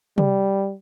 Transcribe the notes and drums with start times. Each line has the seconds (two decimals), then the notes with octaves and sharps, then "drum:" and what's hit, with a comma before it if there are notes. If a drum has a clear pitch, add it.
0.18 G3, drum: tom C3